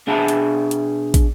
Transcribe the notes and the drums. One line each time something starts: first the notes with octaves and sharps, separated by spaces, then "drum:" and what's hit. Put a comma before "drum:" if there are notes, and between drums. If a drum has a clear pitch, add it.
B2 D4 G#4 E5 A5 B5
drum: hi-hat
drum: hi-hat
drum: kick, hi-hat